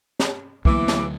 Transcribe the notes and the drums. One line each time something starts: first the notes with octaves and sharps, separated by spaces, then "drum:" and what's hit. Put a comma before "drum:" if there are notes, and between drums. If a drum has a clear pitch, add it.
drum: snare
D2 E3 F#3 A#3 B3 D6, drum: kick
drum: snare